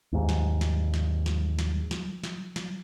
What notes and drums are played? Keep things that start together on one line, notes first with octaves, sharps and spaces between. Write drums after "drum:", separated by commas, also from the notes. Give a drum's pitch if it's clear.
D#2 G#2
drum: snare
drum: snare
drum: snare
drum: snare
drum: snare
drum: snare
drum: snare
drum: snare